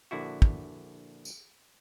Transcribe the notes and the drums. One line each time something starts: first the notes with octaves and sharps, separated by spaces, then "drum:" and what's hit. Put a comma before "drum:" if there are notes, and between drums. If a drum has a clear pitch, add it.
A#1 D3 E4 F#4
drum: kick
drum: tambourine